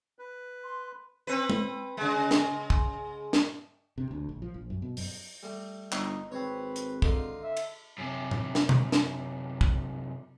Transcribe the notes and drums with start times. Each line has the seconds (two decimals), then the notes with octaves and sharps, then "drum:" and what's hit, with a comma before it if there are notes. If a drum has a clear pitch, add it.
0.19 B4
0.64 C6
1.27 C4 B4
1.50 drum: tom G#3
1.97 C#3 G#3
2.31 drum: snare
2.70 drum: kick
3.33 drum: snare
3.98 C3
4.11 D2
4.29 A#1
4.42 F3
4.54 A#1
4.70 F#2
4.82 B2
4.97 F#2, drum: open hi-hat
5.43 G3 A3
5.92 G1 D#4, drum: clap
6.32 G#1 C4 B4 C#5
6.76 drum: hi-hat
7.02 D3 D#4 F4, drum: kick
7.43 E5
7.57 drum: cymbal
7.98 F#2 C3
8.31 drum: tom A2
8.55 drum: snare
8.69 drum: tom B2
8.92 drum: snare
9.61 drum: kick